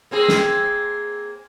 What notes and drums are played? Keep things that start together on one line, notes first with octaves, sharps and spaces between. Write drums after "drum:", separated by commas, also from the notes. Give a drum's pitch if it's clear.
A#3 C4 G#4
drum: snare